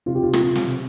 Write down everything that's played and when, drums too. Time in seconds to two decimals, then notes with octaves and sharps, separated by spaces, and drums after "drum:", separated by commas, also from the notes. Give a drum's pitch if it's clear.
0.06 C3 F4
0.15 G4
0.23 F4
0.33 drum: rim click
0.43 C3
0.55 drum: snare